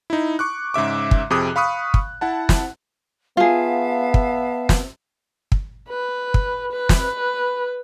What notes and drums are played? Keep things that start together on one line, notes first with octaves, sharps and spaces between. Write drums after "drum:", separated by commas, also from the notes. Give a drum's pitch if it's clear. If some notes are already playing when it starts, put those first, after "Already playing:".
D#4 E4
C#6 D6 F#6
G#2 C#3 E5 D6
drum: kick
F2 C3 G#4 D6 D#6 F#6
F5 B5 C#6 D#6 F#6
drum: kick
E4 F#5 A5
drum: snare
B3 F4 G#4 E5 F5 A5
drum: kick
drum: snare
drum: kick
B4
drum: kick
B4
drum: snare